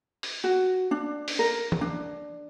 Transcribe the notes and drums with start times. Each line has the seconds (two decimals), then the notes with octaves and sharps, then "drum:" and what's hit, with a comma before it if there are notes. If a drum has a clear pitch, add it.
0.23 drum: open hi-hat
0.44 F#4
0.91 D4
1.28 drum: open hi-hat
1.39 A#4
1.72 drum: tom E3
1.81 D4